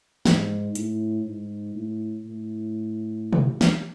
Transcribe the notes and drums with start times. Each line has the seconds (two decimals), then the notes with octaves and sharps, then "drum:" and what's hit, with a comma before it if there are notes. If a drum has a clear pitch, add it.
0.25 G#2, drum: snare
0.75 A2, drum: hi-hat
1.26 G#2
1.75 A2
2.25 A2
3.33 drum: tom
3.61 drum: snare